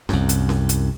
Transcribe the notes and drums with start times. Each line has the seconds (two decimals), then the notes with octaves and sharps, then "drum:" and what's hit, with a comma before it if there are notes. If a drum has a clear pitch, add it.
0.09 C2 F#2, drum: snare C#4
0.29 drum: hi-hat
0.49 drum: snare C#4
0.69 drum: hi-hat